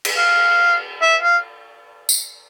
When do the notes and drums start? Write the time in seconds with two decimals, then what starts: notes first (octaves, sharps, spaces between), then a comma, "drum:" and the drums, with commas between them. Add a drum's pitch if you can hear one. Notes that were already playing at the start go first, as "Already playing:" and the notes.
0.05 drum: cymbal
0.17 F5
1.02 E5
1.23 F5
2.09 drum: tambourine